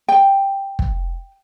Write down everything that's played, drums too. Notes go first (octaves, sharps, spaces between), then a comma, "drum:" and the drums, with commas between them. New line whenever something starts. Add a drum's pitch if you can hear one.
G5
drum: kick